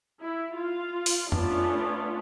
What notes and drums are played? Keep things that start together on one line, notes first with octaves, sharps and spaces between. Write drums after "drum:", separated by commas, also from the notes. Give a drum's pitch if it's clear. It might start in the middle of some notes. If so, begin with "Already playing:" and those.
E4
F4 F5
drum: open hi-hat
A3 B3 C#4 D4 F4, drum: tom F2